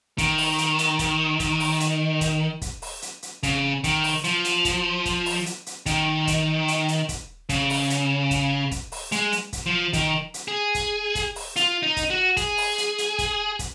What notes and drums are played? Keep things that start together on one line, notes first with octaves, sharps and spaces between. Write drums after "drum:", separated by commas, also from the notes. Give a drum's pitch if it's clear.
D#3, drum: kick, hi-hat
drum: open hi-hat
drum: hi-hat
drum: hi-hat
drum: kick, hi-hat
drum: kick, hi-hat
drum: open hi-hat
drum: hi-hat
drum: kick, hi-hat
drum: kick, hi-hat
drum: open hi-hat
drum: hi-hat
drum: hi-hat
C#3, drum: kick, hi-hat
D#3, drum: kick, hi-hat
drum: open hi-hat
F3, drum: hi-hat
drum: hi-hat
drum: kick, hi-hat
drum: kick, hi-hat
drum: open hi-hat
drum: hi-hat
drum: hi-hat
D#3, drum: kick, hi-hat
drum: kick, hi-hat
drum: hi-hat
drum: hi-hat
drum: kick, hi-hat
C#3, drum: kick, hi-hat
drum: open hi-hat
drum: hi-hat
drum: kick, hi-hat
drum: kick, hi-hat
drum: open hi-hat
G#3, drum: hi-hat
drum: hi-hat
drum: kick, hi-hat
F3
D#3, drum: kick, hi-hat
drum: hi-hat
G#4
drum: kick, hi-hat
drum: kick, hi-hat
drum: open hi-hat
F4, drum: hi-hat
D#4
drum: kick, hi-hat
F#4
G#4, drum: kick, hi-hat
drum: open hi-hat
drum: hi-hat
drum: hi-hat
drum: kick, hi-hat
drum: kick, hi-hat